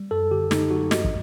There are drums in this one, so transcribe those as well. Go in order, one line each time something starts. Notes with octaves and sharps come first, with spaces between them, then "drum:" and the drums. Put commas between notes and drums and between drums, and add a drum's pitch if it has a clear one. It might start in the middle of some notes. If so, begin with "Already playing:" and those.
Already playing: G3
F#2 A4
D3 G4
D3 D#4, drum: snare
F#3 F#4
G2 D#5, drum: snare
drum: kick